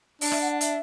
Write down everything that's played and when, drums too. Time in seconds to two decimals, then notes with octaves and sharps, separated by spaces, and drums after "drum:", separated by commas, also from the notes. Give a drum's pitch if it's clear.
0.21 D4 D5, drum: open hi-hat
0.32 E5, drum: rim click
0.41 F#5
0.52 F#5
0.61 E5, drum: hi-hat